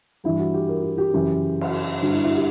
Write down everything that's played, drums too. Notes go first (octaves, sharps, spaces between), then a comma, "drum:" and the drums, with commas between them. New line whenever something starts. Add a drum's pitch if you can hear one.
G2 E3 E4
F#4
G4
A#4
G4
G4
F#2 C#3 E3
drum: cymbal
G2 D3 F#4
E4
E4
G4